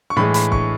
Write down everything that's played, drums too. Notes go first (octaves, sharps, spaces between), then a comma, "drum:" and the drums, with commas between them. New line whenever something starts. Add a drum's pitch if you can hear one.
C#6
A2 E3 G#3 B5
B5, drum: hi-hat
C#6, drum: kick